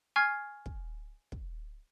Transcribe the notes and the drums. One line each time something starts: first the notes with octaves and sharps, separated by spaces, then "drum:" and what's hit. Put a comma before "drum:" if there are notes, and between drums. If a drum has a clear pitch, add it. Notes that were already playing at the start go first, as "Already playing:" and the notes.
G#5 C#6 F6 G#6 C7
drum: kick
drum: kick